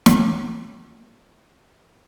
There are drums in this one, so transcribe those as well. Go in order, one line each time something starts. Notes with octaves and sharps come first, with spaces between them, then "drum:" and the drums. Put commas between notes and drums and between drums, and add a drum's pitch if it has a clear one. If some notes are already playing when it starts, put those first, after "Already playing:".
C#4 D4 F4 G4 G#4 C#5, drum: snare